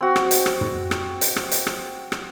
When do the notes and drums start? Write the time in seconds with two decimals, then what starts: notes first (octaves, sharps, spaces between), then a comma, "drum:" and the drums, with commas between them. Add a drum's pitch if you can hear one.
0.01 C4 F#4
0.16 drum: rim click
0.31 drum: hi-hat
0.46 drum: rim click
0.61 drum: tom
0.91 drum: rim click
1.21 drum: hi-hat
1.36 drum: rim click
1.51 drum: hi-hat
1.67 drum: rim click
2.12 drum: rim click